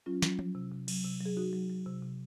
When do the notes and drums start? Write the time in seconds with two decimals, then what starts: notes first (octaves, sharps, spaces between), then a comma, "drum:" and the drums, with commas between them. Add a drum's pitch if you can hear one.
0.06 F#3 C#4 F4
0.22 F#3, drum: snare
0.39 F#3, drum: tom F3
0.55 C3
0.71 C3
0.88 F#3, drum: cymbal
1.04 C3
1.21 F#3 G#4
1.37 F#3 D#4 F#4
1.53 F#3
1.70 F#3
1.86 C3
2.02 C3